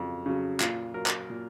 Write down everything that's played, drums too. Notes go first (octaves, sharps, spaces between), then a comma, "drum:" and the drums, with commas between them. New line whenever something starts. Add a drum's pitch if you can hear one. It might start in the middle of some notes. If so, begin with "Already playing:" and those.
Already playing: F2 C#3 F#3
C#3 F#3
A#2 F4, drum: clap
F#3 A#4
drum: clap
A#2